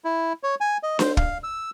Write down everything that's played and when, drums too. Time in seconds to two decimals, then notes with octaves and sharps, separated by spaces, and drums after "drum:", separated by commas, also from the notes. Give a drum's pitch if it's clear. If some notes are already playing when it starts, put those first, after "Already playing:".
0.04 E4
0.43 C#5
0.61 G#5
0.83 D#5
0.99 C5, drum: snare D4
1.17 F5, drum: kick
1.43 E6